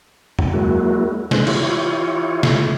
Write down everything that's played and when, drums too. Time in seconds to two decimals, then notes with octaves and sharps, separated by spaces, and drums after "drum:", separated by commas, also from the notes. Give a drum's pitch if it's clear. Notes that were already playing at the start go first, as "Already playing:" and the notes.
0.39 drum: tom E2
0.53 F#3 G#3 A#3 E4 F#4
1.31 D3 E3 G#3 C5 F#6, drum: snare
1.47 E3 E4 F4 G4 C#5, drum: cymbal
2.43 drum: snare